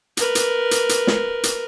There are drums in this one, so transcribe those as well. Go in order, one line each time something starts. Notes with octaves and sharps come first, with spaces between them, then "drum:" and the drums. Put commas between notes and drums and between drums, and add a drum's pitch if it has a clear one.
A#4 B4, drum: hi-hat
drum: hi-hat
drum: hi-hat
drum: hi-hat
drum: snare
drum: hi-hat